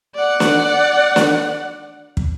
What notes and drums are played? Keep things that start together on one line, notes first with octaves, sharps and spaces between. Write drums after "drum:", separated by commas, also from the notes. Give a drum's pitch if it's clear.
D5 F#5
drum: snare
drum: snare
drum: kick